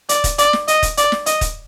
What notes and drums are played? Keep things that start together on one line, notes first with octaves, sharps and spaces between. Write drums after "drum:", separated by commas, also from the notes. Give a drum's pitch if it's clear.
D5, drum: hi-hat
drum: kick, hi-hat
D5, drum: hi-hat
drum: snare
D#5, drum: hi-hat
drum: kick, hi-hat
D5, drum: hi-hat
drum: snare
D#5, drum: hi-hat
drum: kick, hi-hat